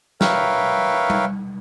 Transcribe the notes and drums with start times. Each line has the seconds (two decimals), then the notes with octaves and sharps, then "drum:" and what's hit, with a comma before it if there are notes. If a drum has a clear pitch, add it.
0.21 A#4 B4 C#5 E5 F5 G5, drum: snare
1.10 drum: tom G3